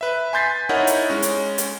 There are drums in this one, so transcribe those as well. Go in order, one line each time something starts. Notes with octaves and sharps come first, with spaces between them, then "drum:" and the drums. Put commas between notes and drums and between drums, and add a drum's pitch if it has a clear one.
B4 E5
G#5 C6 G6 A6 B6 C7
D#4 E4 A#4 C#5 D#5 F#5
drum: hi-hat
G#3 C#4
drum: hi-hat
drum: hi-hat